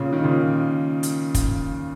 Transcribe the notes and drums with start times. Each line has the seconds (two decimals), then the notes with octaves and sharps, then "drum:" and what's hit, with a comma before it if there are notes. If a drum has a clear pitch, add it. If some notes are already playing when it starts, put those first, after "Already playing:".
Already playing: A#2 C#3
0.13 D#3
0.23 A#2 C#3
1.03 drum: hi-hat
1.34 drum: kick, hi-hat